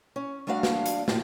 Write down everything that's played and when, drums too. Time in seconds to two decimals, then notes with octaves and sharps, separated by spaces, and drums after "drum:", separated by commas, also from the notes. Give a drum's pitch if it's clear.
0.16 C#4
0.47 G3 A3 D4 F#4 F5
0.63 drum: snare
0.86 drum: hi-hat
1.08 A2 F4 G4, drum: snare